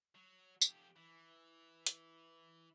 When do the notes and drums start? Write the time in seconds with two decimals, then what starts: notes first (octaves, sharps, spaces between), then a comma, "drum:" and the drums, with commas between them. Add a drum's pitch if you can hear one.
0.15 F#3
0.62 F2 G4, drum: tambourine
0.96 E3
1.87 drum: hi-hat